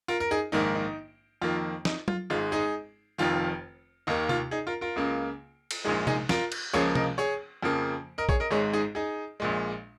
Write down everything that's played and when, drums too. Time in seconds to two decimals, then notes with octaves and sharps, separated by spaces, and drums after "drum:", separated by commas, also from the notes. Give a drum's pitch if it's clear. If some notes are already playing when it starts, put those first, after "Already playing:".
0.08 F4 A#4
0.20 A#4
0.31 D#4 G#4
0.52 A#1 G#2 D#3 A#3 D#4
0.75 D#4
1.42 F2 D#3 A#3 F4
1.85 D#4, drum: snare
2.08 F4, drum: tom F#3
2.30 G#1 G#2 G#3 F4
2.52 D#4 G#4
3.18 F1 F2 D#3 F4
4.07 D#2 D#3 A#3 D#4
4.29 F4, drum: tom C3
4.51 D#4 G#4
4.67 F4 A#4
4.81 F4 A#4
4.96 C#2 C#3 A#3
5.71 drum: cymbal
5.85 A#1 A#2 G#3 D#4 G#4
6.07 D#4 G#4, drum: tom C3
6.29 F4 A#4, drum: snare
6.52 drum: cymbal
6.73 C#2 C#3 F3 A#3 G#4 C#5
6.95 A#4 D#5, drum: tom C3
7.18 G#4 C#5
7.63 F2 C#3 F3 A#3
8.18 A#4 D#5
8.29 G#4 C#5, drum: kick A#1
8.40 A#4 D#5
8.51 G#1 G#2 G#3 G#4 C#5
8.73 D#4 G#4
8.95 D#4 G#4
9.40 A#1 A#2 G#3